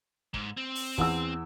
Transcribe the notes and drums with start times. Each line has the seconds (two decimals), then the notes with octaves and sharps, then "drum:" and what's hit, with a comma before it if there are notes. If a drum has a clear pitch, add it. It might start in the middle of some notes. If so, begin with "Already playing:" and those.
0.34 G#2, drum: kick
0.57 C4
0.75 drum: open hi-hat
0.98 E2 F#5 E6, drum: kick